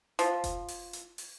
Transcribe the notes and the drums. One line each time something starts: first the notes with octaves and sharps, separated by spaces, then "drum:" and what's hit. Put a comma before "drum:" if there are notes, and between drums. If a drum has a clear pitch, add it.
F3, drum: hi-hat
drum: kick F1, hi-hat
drum: open hi-hat
drum: hi-hat
drum: open hi-hat